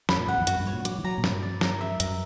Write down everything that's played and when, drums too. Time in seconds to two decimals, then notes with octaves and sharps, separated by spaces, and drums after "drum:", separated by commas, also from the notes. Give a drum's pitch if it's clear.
0.09 F#2 B5, drum: snare
0.19 A#2
0.28 G2 F#5
0.38 E2
0.47 F#2 F#4, drum: hi-hat
0.60 G2
0.67 C#5
0.73 A#2
0.85 F#3 D6, drum: hi-hat
0.99 E3
1.04 F#3 A#5
1.18 A#2
1.24 G2 B4, drum: snare
1.43 D5
1.61 A#4, drum: snare
1.81 E5
2.00 F#2 A#4, drum: hi-hat